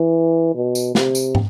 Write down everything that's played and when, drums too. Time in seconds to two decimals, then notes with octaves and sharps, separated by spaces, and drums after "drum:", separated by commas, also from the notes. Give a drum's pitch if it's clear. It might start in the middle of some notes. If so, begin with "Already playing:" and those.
Already playing: E3
0.55 B2
0.75 drum: tambourine
0.95 C3, drum: snare
1.15 drum: tambourine
1.35 drum: tom